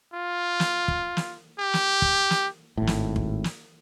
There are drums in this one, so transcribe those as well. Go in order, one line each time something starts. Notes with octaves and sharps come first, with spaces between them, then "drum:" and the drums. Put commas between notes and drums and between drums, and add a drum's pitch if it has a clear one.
F4
drum: snare
drum: kick
drum: snare
G4
drum: snare
drum: kick
drum: snare
G#1 A2
drum: snare
drum: kick
drum: snare